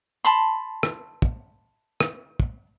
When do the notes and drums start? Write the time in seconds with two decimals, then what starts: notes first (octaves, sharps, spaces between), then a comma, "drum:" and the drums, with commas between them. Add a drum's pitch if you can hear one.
0.25 A5 B5 C6
0.83 drum: rim click
1.22 drum: kick
2.00 drum: rim click
2.40 drum: kick